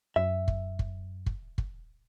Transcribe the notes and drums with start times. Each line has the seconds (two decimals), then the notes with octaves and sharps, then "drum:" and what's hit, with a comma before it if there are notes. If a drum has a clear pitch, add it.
0.16 F#2 E5
0.48 drum: kick
0.79 drum: kick
1.26 drum: kick
1.58 drum: kick